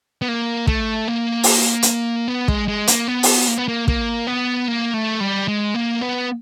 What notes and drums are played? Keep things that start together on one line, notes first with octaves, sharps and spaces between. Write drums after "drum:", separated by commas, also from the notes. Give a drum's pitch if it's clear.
B3
A#3
A3, drum: kick
A#3
drum: open hi-hat
drum: hi-hat
B3
G#3, drum: kick
G#3
A#3, drum: hi-hat
B3
drum: open hi-hat
A#3
B3
A#3
A#3, drum: kick
B3
A#3
A3
G3
G#3
A#3
B3